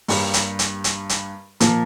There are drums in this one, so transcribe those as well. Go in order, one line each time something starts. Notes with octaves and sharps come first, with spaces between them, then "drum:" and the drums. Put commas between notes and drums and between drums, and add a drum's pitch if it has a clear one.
G2 G3 A#3 G4, drum: open hi-hat
drum: hi-hat
drum: hi-hat
drum: hi-hat
drum: hi-hat
A#2 F3 A#3, drum: hi-hat